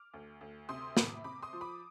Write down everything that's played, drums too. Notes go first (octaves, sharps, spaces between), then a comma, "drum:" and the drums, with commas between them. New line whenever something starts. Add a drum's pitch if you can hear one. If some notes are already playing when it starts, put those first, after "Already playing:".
Already playing: D6 F6
D2
D2
C3 C6 D#6
C3 B5 D6, drum: snare
C3 B5 D6
C6 D#6
F3
B5 D6